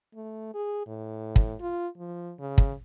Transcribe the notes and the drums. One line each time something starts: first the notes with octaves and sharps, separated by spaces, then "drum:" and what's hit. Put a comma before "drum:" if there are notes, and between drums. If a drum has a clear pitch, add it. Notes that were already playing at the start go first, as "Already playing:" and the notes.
A3
G#4
A2
drum: kick
F4
F3
C#3
drum: kick